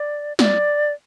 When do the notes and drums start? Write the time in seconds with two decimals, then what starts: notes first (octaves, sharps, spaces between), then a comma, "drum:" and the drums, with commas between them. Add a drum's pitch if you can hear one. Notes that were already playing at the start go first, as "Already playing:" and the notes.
Already playing: D5
0.39 D5, drum: snare